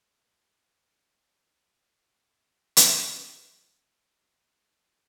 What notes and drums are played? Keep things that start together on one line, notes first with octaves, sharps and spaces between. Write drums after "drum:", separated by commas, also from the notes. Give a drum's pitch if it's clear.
C#2 C#3 F#4 C5 C#6 A6
drum: hi-hat
D#1 E4 G4 F6